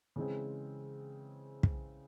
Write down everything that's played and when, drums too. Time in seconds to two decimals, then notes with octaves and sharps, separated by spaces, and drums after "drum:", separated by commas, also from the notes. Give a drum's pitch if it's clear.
0.16 C#3 E3 G#3 C4
1.63 drum: kick